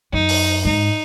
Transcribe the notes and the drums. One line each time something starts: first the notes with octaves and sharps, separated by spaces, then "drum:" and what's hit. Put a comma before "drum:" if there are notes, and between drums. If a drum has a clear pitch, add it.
F#2 D#4
drum: open hi-hat
G#2 D#4